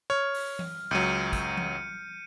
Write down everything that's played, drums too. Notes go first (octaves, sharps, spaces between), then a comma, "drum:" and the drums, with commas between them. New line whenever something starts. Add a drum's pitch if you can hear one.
C#5 F6
drum: open hi-hat
drum: tom E3
C#2 F#3 G6 C#7 D#7
drum: kick, hi-hat
drum: tom E3